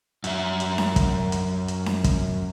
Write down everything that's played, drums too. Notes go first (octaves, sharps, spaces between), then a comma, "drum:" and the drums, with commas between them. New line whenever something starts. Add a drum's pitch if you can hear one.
F#2 E5, drum: hi-hat
drum: hi-hat
drum: snare C#4
drum: kick, hi-hat
drum: hi-hat
drum: hi-hat
drum: snare C#4
drum: kick, hi-hat